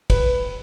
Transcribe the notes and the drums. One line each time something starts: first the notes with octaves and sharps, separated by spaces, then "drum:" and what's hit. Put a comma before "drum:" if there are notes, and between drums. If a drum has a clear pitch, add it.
B4, drum: kick, cymbal